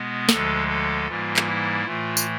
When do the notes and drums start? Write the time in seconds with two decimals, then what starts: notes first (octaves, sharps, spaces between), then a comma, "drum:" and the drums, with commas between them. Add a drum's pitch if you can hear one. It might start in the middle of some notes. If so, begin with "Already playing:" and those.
Already playing: B2 G#3 B3
0.29 D2 D3 F3 G#3 A4, drum: snare
0.67 A4
1.06 G#2 E3 G3 A#3 F4
1.36 drum: clap
1.46 E4
1.85 A2 E3 A3 F4
2.17 drum: tambourine